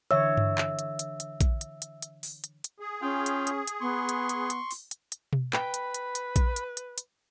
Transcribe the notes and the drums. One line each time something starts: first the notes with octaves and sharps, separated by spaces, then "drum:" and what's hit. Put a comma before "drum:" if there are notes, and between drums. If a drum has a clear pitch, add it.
D3 E3 C#5 E5 E6
drum: tom G2
drum: clap
drum: hi-hat
drum: hi-hat
drum: hi-hat
drum: kick A#1, hi-hat
drum: hi-hat
drum: hi-hat
drum: hi-hat
drum: open hi-hat
drum: hi-hat
drum: hi-hat
G#4
C#4 F4 F5 G5
drum: hi-hat
drum: hi-hat
drum: hi-hat
B3 C6 C#6
drum: hi-hat
drum: hi-hat
drum: hi-hat
drum: open hi-hat
drum: hi-hat
drum: hi-hat
drum: tom B2
B4 G5 B5, drum: clap
drum: hi-hat
drum: hi-hat
drum: hi-hat
drum: kick A#1, hi-hat
drum: hi-hat
drum: hi-hat
drum: hi-hat